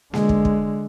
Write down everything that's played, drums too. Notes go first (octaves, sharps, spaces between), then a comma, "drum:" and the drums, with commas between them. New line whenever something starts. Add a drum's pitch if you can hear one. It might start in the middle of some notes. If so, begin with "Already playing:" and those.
D3 G#3, drum: snare A#3
drum: kick
drum: kick